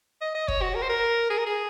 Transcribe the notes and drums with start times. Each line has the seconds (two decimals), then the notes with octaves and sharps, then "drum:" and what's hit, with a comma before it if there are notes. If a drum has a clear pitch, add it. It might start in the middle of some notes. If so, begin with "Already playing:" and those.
0.21 D#5
0.35 D#5
0.48 C#5, drum: kick
0.62 F#4
0.75 A#4
0.82 C5
0.89 A#4
1.30 G#4
1.38 A#4
1.46 G#4